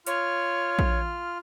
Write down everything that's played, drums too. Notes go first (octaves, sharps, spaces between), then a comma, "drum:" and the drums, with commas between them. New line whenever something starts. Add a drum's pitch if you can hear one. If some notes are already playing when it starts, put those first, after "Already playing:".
F4 C#5 F6, drum: hi-hat
drum: kick A#1